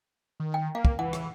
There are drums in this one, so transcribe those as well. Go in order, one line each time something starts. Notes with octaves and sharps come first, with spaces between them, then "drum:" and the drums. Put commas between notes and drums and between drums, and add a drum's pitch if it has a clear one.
D#3
G5
A#3 F5
drum: kick
E3 F#5
drum: rim click